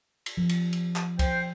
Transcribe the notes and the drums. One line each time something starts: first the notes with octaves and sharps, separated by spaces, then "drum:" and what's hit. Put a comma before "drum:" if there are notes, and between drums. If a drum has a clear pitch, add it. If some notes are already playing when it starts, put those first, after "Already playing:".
drum: cymbal
F3
drum: cymbal
drum: cymbal
drum: clap
C5 G5, drum: kick C2, cymbal